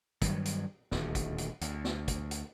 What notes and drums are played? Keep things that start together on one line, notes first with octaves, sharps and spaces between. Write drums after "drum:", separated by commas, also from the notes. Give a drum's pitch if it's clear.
G2 D#3 E3 F#3, drum: kick, hi-hat
drum: hi-hat
D#1 D2, drum: snare
drum: kick, hi-hat
drum: hi-hat
D2, drum: hi-hat
drum: snare
drum: kick, hi-hat
drum: hi-hat